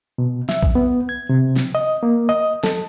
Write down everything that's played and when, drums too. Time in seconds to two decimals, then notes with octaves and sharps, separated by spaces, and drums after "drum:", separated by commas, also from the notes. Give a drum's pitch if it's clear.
0.18 B2
0.49 E5, drum: snare
0.63 drum: kick B1
0.75 B3
1.09 G#6
1.29 C3
1.56 drum: snare
1.75 D#5
2.03 A#3
2.29 D#5
2.64 A4, drum: snare